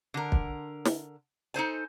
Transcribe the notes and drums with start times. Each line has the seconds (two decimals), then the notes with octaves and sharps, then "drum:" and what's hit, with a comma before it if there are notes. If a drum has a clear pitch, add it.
0.14 D3 A#4
0.32 drum: kick
0.85 drum: snare
1.54 D#4 A4 C5 G#5